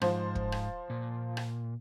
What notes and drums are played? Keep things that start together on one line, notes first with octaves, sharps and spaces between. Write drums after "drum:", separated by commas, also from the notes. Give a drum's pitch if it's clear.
G#2 F3 C5, drum: rim click
drum: kick
drum: rim click
A#2
drum: rim click